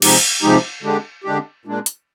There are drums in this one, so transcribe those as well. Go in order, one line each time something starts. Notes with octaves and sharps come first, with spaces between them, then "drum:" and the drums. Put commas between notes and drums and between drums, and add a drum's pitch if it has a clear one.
C3 F3 G#3 D#4 G4, drum: cymbal
C3 F3 G#3 D#4 G4
D3 G#3 D4 G4
D3 G#3 D4 G4
A#2 G#3 D4
drum: hi-hat